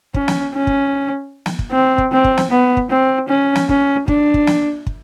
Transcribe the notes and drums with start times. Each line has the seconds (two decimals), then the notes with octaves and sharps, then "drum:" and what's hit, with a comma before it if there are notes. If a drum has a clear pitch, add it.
0.14 C#4, drum: kick
0.28 drum: snare
0.54 C#4
0.67 drum: kick
1.46 drum: snare
1.59 drum: kick
1.71 C4
1.98 drum: kick
2.12 C4
2.24 drum: kick
2.37 drum: snare
2.51 B3
2.77 drum: kick
2.91 C4
3.29 C#4
3.55 drum: snare
3.69 C#4, drum: kick
4.08 D4, drum: kick
4.34 drum: kick
4.47 drum: snare
4.87 drum: kick